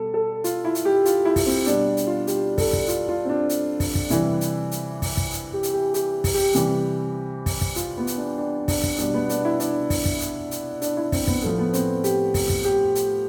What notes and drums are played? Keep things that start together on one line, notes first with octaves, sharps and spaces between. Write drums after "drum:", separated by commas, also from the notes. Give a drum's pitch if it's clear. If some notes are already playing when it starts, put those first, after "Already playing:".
Already playing: B2 G3 A4
A4
F4, drum: hi-hat
E4
drum: hi-hat
G4
F4, drum: hi-hat
E4
drum: kick, open hi-hat
C4
B2 G3 D4, drum: hi-hat
drum: hi-hat
F4
G4, drum: hi-hat
A4, drum: kick, open hi-hat
drum: kick
F4, drum: hi-hat
F4
C4
D4
drum: hi-hat
drum: kick, open hi-hat
drum: kick
C3 E3 G3 E4, drum: hi-hat
drum: hi-hat
drum: hi-hat
drum: kick, open hi-hat
drum: kick
drum: hi-hat
G4
drum: hi-hat
G4
G4, drum: hi-hat
drum: kick, open hi-hat
G4
C3 E3 G3, drum: hi-hat
drum: kick, open hi-hat
drum: kick
F4, drum: hi-hat
B3
drum: hi-hat
D4
D4
D4, drum: kick, open hi-hat
drum: kick
B2 G3 D4, drum: hi-hat
B3
D4, drum: hi-hat
E4
D4, drum: hi-hat
drum: kick, open hi-hat
drum: kick
drum: hi-hat
drum: hi-hat
D4, drum: hi-hat
E4
C4, drum: kick, open hi-hat
B3, drum: kick
A2 F3 A3
B3
C4, drum: hi-hat
G4, drum: hi-hat
drum: kick, open hi-hat
drum: kick
G4
drum: hi-hat